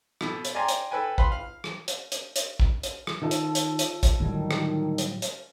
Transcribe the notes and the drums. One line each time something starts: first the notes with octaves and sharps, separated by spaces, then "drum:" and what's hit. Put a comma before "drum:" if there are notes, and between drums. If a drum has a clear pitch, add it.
B2 A4, drum: rim click
drum: hi-hat
D5 G5 G#5 A#5 C6
drum: hi-hat
A4 B4 G5 G#5
B4 F5 B5 C6, drum: kick
F5
drum: rim click
drum: hi-hat
drum: hi-hat
drum: hi-hat
drum: kick
drum: hi-hat
drum: rim click
D#3 F4 A4 A5
drum: hi-hat
drum: hi-hat
drum: hi-hat
drum: kick, hi-hat
A2 D3 D#3 F#3 G3
drum: rim click
drum: hi-hat
drum: hi-hat